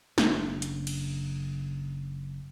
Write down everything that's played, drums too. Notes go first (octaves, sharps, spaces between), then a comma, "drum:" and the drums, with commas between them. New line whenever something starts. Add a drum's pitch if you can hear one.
F#1 C#3 D4, drum: snare
drum: hi-hat
drum: cymbal